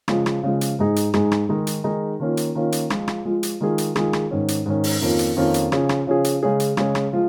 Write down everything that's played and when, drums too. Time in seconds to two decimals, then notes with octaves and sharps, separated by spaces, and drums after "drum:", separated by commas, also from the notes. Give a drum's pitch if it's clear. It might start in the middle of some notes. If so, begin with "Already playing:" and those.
0.08 C#3 F3 G#3, drum: rim click
0.26 drum: rim click
0.43 C#3 F3 G#3
0.61 drum: hi-hat
0.79 G#2 G#3 D#4 G#4
0.96 drum: hi-hat
1.14 G#2 G#3 D#4 G#4, drum: rim click
1.32 drum: rim click
1.49 D#3 G#3 D#4 G#4
1.67 drum: hi-hat
1.84 D#3 G#3 D#4 G#4
2.20 D#3 A#3 C#4 F4
2.37 drum: hi-hat
2.55 D#3 A#3 C#4 F4
2.72 drum: hi-hat
2.90 F3 G#3 F4, drum: rim click
3.08 drum: rim click
3.25 F3 G#3 F4
3.43 drum: hi-hat
3.61 D#3 G#3 F4 G#4
3.78 drum: hi-hat
3.96 D#3 G#3 F4 G#4, drum: rim click
4.13 drum: rim click
4.31 G#2 D#3 C#4
4.48 drum: hi-hat
4.66 G#2 D#3 C#4
4.84 drum: open hi-hat
5.01 F2 D#3 A#3 C#4 F4
5.19 drum: hi-hat
5.36 F2 D#3 A#3 C#4 F4
5.54 drum: hi-hat
5.72 C#3 F3 C#4 G#4, drum: rim click
5.89 drum: rim click
6.07 C#3 F3 C#4 G#4
6.24 drum: hi-hat
6.43 C#3 G#3 C#4 G#4
6.60 drum: hi-hat
6.77 C#3 G#3 C#4 G#4, drum: rim click
6.95 drum: rim click
7.13 F3 G#3 F4